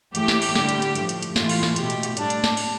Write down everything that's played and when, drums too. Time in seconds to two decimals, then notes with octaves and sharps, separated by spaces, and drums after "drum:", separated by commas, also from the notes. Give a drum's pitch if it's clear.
0.15 A2 E3 A3 G4, drum: hi-hat
0.28 drum: snare
0.42 drum: open hi-hat
0.55 D3 G3, drum: snare
0.69 drum: hi-hat
0.82 drum: hi-hat
0.95 A2 F3 A3, drum: hi-hat
1.09 drum: hi-hat
1.22 drum: hi-hat
1.36 A2 E3 A3 F4, drum: snare
1.49 drum: open hi-hat
1.63 drum: snare
1.76 B2 A3 G4, drum: hi-hat
1.90 drum: hi-hat
2.03 drum: hi-hat
2.17 A2 G3 D4, drum: hi-hat
2.30 drum: hi-hat
2.44 drum: snare
2.57 drum: open hi-hat